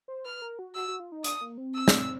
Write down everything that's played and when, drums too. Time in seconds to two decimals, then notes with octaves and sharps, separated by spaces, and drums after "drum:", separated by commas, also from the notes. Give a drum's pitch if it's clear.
0.08 C5
0.25 B4 F6
0.42 A#4
0.59 F#4
0.75 F#4 E6
0.88 F#4
1.00 F4
1.12 D#4
1.24 D4 D#6, drum: hi-hat
1.41 A#3
1.58 C4
1.75 E6
1.88 drum: snare